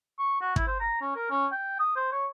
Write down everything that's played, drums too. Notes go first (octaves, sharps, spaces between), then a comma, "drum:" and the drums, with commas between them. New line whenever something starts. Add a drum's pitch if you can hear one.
C#6
F#4
E4, drum: kick
C5
A#5
C#4
A#4
C#4
G5
D#6
C5
C#5